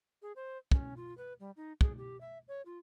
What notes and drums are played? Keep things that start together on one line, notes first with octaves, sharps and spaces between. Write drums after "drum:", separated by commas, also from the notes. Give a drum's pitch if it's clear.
G#4
C5
C#4, drum: kick
F4
B4
G3
D#4
G#4, drum: kick
G4
E5
C#5
F4